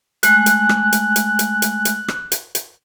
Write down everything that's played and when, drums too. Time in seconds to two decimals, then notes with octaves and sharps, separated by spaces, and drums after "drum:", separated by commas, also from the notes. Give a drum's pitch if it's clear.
0.23 G#3 A3 G#5 F#6, drum: hi-hat
0.46 drum: hi-hat
0.69 drum: rim click
0.92 drum: hi-hat
1.16 drum: hi-hat
1.39 drum: hi-hat
1.62 drum: hi-hat
1.85 drum: hi-hat
2.08 drum: rim click
2.32 drum: hi-hat
2.55 drum: hi-hat